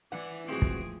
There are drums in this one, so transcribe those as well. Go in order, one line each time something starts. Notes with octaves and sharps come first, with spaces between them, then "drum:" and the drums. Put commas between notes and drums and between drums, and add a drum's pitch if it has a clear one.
E3 E4 D5 F#5
A2 F3 G#3 C4 F#4 G#4 D7
drum: kick